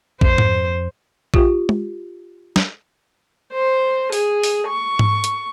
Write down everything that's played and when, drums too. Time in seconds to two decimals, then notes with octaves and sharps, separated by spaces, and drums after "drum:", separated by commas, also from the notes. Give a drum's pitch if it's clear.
0.21 F2 C5, drum: kick A1
0.38 drum: tom G#2
1.34 F4 G4, drum: kick A1
1.69 drum: tom G#3
2.56 drum: snare
3.54 C5
4.12 G#4, drum: open hi-hat
4.43 drum: open hi-hat
4.68 C#6
4.99 drum: tom G#2
5.24 drum: hi-hat